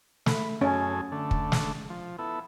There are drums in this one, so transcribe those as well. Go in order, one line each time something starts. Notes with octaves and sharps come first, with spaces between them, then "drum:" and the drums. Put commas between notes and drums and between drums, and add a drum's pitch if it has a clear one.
A3 B5, drum: snare
F#2 C#4 G#4 A4
D3 A3
drum: kick
drum: snare
F3
B3 E4 A4